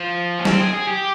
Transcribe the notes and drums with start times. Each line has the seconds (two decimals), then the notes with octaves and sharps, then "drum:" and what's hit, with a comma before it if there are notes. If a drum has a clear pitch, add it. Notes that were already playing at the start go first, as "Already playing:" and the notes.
Already playing: F3
0.39 C#4
0.45 C4, drum: snare
0.60 G#4
0.74 G#4
0.88 G4